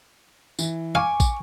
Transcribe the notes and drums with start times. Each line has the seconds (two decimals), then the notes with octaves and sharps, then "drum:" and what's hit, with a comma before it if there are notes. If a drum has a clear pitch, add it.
0.59 E3, drum: tambourine
0.95 F5 G#5 C#6 D6
1.20 drum: kick, tambourine